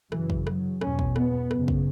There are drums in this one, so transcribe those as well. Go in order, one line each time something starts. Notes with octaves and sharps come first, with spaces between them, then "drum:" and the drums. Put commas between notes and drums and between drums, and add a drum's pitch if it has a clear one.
F#2 C#3 E3, drum: rim click
drum: kick
F#3, drum: rim click
E2 B2 C#4, drum: rim click
drum: kick
B3, drum: rim click
F#2 C#3, drum: rim click
drum: kick